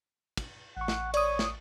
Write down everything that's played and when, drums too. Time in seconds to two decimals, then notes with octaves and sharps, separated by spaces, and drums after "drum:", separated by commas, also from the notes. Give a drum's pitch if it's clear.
0.37 drum: kick, cymbal
0.77 A1 F#5 C#6
0.88 drum: snare
1.14 C#5 D5 D#6, drum: cymbal
1.39 drum: snare